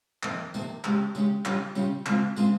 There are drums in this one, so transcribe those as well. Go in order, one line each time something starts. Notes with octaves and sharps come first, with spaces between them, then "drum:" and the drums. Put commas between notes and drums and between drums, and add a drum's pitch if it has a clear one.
F2 C3 D#3 A#3, drum: clap
F2 C3 D#3 A#3, drum: tambourine
C#3 G#3 C#4 G4, drum: clap
C#3 G#3 C#4 G4, drum: tambourine
C#3 G3 C#4 F4, drum: clap
C#3 G3 C#4 F4, drum: tambourine
C#3 G#3 C4 F4, drum: clap
C#3 G#3 C4 F4, drum: tambourine